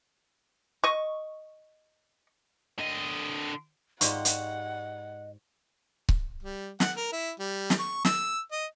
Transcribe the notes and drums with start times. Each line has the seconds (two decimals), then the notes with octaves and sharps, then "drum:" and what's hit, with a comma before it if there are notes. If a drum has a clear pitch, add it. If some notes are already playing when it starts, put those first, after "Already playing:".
0.84 D#5 C#6
2.79 D3 D#5
4.01 G#2 F4 G4 D5 D#5 F#5 C#6, drum: hi-hat
4.25 drum: hi-hat
6.09 drum: kick C#1
6.43 G3
6.80 F#5, drum: snare
6.97 A#4
7.13 E4
7.39 G3
7.70 drum: snare
7.79 C#6
8.05 E6, drum: snare
8.52 D#5